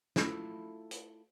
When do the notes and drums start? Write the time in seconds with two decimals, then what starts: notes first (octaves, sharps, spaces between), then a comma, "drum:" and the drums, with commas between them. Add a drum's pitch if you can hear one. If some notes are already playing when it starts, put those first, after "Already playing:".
0.16 A3 E4 F4, drum: snare
0.91 drum: hi-hat